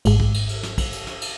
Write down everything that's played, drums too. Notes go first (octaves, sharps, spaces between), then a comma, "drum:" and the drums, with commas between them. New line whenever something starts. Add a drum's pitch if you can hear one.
G#1 G#2, drum: cymbal
drum: kick
drum: cymbal
drum: cymbal
drum: snare
drum: kick, cymbal
drum: cymbal
drum: snare
drum: cymbal